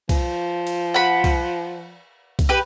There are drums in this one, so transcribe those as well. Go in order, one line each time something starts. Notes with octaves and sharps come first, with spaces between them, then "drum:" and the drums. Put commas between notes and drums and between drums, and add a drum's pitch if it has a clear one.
F3, drum: kick, cymbal
drum: cymbal
F#5 B5
drum: kick, cymbal
drum: kick, cymbal
G4 B4